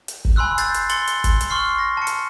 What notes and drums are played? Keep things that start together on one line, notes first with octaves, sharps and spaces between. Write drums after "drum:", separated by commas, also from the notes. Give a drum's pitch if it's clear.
drum: hi-hat
drum: kick
G#5 B5 C6 E6 F#6
G6 A6 C7, drum: hi-hat
drum: hi-hat
C6 A6 C#7 F#7 G7, drum: hi-hat
drum: hi-hat
drum: kick, hi-hat
drum: hi-hat
C6 C#6 F6 C7
A#6
A5 C#7
drum: hi-hat